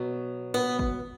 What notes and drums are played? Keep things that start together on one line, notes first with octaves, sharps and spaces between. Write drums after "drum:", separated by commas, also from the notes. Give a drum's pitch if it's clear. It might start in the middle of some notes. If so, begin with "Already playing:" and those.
Already playing: B2 F#3
B3
drum: kick